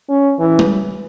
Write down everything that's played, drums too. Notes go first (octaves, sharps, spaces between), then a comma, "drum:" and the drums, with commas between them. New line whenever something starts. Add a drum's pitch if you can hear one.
C#4
E3
drum: tom G3